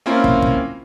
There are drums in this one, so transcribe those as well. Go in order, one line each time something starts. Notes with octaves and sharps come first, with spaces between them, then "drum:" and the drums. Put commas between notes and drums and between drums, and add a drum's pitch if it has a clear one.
A#3 C4 C#4 E4 F4 A#4
drum: kick
drum: kick